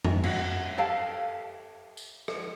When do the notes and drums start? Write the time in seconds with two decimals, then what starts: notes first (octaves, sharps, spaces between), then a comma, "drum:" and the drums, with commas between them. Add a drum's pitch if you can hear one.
0.05 drum: tom
0.23 C#4 F#4, drum: cymbal
0.78 G4 A4 F5 A5
1.97 drum: tambourine
2.28 drum: rim click